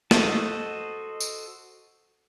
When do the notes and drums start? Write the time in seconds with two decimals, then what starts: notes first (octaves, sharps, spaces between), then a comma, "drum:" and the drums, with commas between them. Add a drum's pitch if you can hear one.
0.11 F#4 A4 C5 D#5 A5, drum: snare
1.20 drum: tambourine